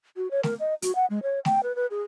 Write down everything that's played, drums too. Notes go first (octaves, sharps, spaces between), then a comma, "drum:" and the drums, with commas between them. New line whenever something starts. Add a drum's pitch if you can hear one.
F#4
C#5
A#4, drum: snare A3
D#5
F#4, drum: hi-hat
F#5
G#3
C#5
G5, drum: snare A3
B4
B4
G#4